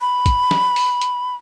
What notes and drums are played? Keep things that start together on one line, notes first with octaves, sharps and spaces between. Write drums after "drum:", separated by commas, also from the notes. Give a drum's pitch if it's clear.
B5
drum: kick, hi-hat
drum: snare
drum: open hi-hat
drum: hi-hat